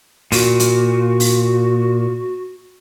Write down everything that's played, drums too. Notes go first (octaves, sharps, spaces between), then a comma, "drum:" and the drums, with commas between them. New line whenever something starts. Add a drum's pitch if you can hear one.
A#2 F#4, drum: open hi-hat
drum: hi-hat
drum: open hi-hat